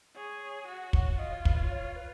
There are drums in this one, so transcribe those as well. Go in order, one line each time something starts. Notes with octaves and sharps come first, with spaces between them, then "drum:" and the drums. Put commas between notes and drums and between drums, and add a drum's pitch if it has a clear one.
G#4 C#5
F#4
drum: kick
F4 D#5
C#5
B4, drum: kick
C#5
C#5
C#5
B4